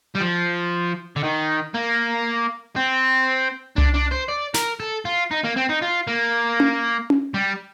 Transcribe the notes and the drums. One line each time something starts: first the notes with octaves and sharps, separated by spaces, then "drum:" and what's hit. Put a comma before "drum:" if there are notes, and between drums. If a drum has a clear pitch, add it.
G3
F3
D3
D#3
A#3
C4
D4, drum: tom C2
D4
C5
D5
A#4, drum: snare
A4
F4
D#4
A#3
C4
D#4
F4
A#3
drum: tom C#4
drum: tom C#4
G3